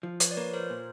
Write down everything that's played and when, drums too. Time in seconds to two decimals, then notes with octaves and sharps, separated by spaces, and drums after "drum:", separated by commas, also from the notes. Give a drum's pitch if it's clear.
0.03 F3
0.20 B4 C#5, drum: hi-hat
0.31 D5
0.37 A#3 B4 C#5
0.53 A#4 C5
0.70 A#2